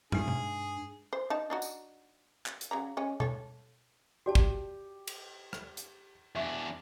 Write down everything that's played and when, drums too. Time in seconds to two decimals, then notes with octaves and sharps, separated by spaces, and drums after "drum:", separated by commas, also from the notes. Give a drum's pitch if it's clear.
0.12 G2 G#3 D#4 G#4, drum: tom
0.28 drum: tom B2
1.13 C5
1.30 D#4 A5
1.50 D4 D#4 F#4
1.62 drum: tambourine
2.46 drum: clap
2.61 drum: hi-hat
2.71 C#3 F#3 A#5
2.97 G#3 C#4
3.20 A4 C#5, drum: tom B2
4.26 F#4 G4 D5 A5
4.35 drum: kick
5.07 drum: cymbal
5.53 drum: rim click
5.77 drum: hi-hat
6.36 E2 D4 E5 C#6